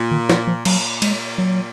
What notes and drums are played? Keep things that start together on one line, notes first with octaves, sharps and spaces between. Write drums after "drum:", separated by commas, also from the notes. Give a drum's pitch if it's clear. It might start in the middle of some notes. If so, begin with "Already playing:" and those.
Already playing: A#2
D#3
F3, drum: snare
F3
A#2 F#3, drum: cymbal
G#3, drum: cymbal
F#3